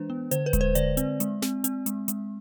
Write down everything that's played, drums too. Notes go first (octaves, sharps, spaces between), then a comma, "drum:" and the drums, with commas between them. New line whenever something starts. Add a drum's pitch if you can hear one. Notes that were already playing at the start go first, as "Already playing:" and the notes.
Already playing: E3 G#3 D4 B4 C5
B3
D3 C5, drum: hi-hat
B4
G#3, drum: kick D#1, hi-hat
C5
D3 D5, drum: hi-hat
C4, drum: hi-hat
G#3, drum: hi-hat
C4, drum: snare
C4, drum: hi-hat
G#3, drum: hi-hat
G#3, drum: hi-hat